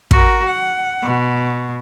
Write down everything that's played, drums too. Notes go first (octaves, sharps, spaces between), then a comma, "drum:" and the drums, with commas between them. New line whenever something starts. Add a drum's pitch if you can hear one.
F#4 A#4, drum: kick
F#5
B2